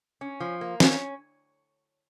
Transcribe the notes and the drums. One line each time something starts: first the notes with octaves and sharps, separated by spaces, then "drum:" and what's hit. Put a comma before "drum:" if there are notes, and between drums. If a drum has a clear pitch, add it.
C#4
F3
A#3
C#4, drum: snare